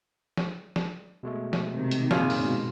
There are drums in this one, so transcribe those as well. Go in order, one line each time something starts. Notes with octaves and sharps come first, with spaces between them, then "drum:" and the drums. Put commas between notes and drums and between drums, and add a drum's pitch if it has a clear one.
drum: snare
drum: snare
B2 G#3 A3
drum: snare
C3 D#3
drum: hi-hat
F#2 A#2 C#3 F4 G#5 F6, drum: snare
drum: open hi-hat
G#2 B2